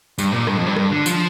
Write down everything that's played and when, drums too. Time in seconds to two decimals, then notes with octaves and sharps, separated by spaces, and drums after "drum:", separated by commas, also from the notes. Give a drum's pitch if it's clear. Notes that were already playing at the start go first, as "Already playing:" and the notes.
0.18 G2, drum: tambourine
0.32 A#2
0.47 G2, drum: rim click
0.57 F2
0.66 G2
0.76 G2, drum: rim click
0.91 D3
1.06 F3, drum: tambourine